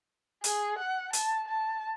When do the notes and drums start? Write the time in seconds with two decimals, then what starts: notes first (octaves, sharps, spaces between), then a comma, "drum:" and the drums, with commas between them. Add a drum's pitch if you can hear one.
0.44 G#4, drum: hi-hat
0.78 F#5
1.13 A5, drum: hi-hat
1.48 A5